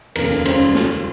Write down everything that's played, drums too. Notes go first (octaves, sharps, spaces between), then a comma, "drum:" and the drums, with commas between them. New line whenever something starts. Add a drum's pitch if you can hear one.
F1 D#2 C#3 A#4, drum: cymbal
C#2 C#3 G3 C5, drum: cymbal
drum: snare